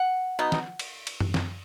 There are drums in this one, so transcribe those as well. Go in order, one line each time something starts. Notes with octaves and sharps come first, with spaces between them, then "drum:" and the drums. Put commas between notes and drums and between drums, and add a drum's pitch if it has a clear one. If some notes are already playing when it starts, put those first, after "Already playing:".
Already playing: F#5
B2 B3 D#4
drum: snare
drum: cymbal
drum: cymbal
drum: tom F#2
drum: snare